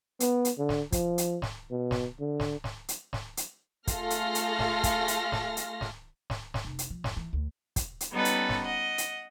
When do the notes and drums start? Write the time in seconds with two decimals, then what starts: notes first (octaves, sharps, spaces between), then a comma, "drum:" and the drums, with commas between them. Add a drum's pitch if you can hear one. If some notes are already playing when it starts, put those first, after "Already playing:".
0.20 B3, drum: hi-hat
0.45 drum: hi-hat
0.58 D3
0.69 drum: snare
0.92 F3, drum: kick, hi-hat
1.18 drum: hi-hat
1.42 drum: snare
1.71 B2
1.91 drum: snare
2.20 D3
2.40 drum: snare
2.64 drum: snare
2.88 drum: hi-hat
3.13 drum: snare
3.37 drum: hi-hat
3.87 A3 F4 G#4 A4 F6 A#6, drum: kick, hi-hat
4.10 drum: hi-hat
4.35 drum: hi-hat
4.59 drum: snare
4.84 drum: kick, hi-hat
5.08 drum: hi-hat
5.32 drum: snare
5.57 drum: hi-hat
5.81 drum: snare
6.30 drum: snare
6.54 drum: snare
6.65 F1
6.79 drum: hi-hat
6.90 F3
7.04 F2, drum: snare
7.17 E3
7.33 D2
7.76 drum: kick, hi-hat
8.01 drum: hi-hat
8.13 G3 B3 C#4 D#4 A4 B4
8.25 drum: hi-hat
8.49 drum: snare
8.65 D#5 F#5
8.98 drum: hi-hat